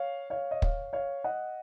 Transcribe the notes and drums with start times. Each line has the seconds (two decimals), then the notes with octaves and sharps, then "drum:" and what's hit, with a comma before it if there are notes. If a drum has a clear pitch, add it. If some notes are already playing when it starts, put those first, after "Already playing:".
Already playing: C#5 F5
0.30 C#5 F5
0.51 D#5
0.62 C#5 F5, drum: kick
0.93 C#5 F5
1.24 D#5 F#5